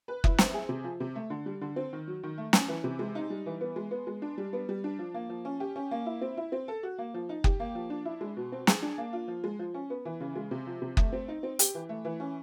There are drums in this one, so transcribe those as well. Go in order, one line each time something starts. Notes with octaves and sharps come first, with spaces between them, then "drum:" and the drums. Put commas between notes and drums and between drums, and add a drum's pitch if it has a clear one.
B4
E4, drum: kick F#1
C4, drum: snare
G#4
C3
F3
C3
A3
D3
G3
D3
C4
D#3
F#3
D#3
A3
C#4, drum: snare
E3
C3
G#3
D#4
G3
E3
B3
G#3
B3
G#3
D4
G3
B3
G3
D4
F3
A#3
F3
C#4
G4
C#4
A#3
E4
C4
E4
C4
A4
F#4
A#3
F3
D#4
G4, drum: kick F#1
A#3
F3
D4
E4
G#3
B2
C4
G#4, drum: snare
D4
A#3
F4
F3
G#3
F3
C#4
B3
E3
C#3
G#3
C3
F3
C3
A3, drum: kick F#1
C4
D#4
C4
G4, drum: hi-hat
E3
A3
E3
C#4